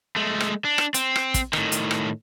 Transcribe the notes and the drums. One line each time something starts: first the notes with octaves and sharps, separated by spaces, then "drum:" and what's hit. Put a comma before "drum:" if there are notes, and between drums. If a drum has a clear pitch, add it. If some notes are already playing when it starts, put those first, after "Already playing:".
G#3 A3
drum: rim click
D4
drum: rim click
C4, drum: hi-hat
drum: rim click
drum: kick, hi-hat
A2 D#3, drum: rim click
drum: hi-hat
drum: rim click